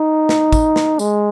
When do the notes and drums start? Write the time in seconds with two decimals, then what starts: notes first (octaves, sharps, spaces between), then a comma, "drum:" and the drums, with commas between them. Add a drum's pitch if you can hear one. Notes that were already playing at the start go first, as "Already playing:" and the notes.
Already playing: D#4
0.29 drum: snare
0.52 drum: kick, tambourine
0.76 drum: snare
0.99 G#3, drum: tambourine